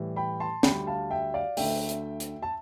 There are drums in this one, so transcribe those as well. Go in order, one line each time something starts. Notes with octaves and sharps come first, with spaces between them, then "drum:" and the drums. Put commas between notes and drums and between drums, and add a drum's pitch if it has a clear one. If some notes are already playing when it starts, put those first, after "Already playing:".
Already playing: A2 E3 G3
G5 B5
A5 C6
D2 D3 G3 G5 B5, drum: snare
F5 A5
E5 G5
D5 F5
D2 D3 A3 E5 G5, drum: open hi-hat
drum: hi-hat
drum: hi-hat
A5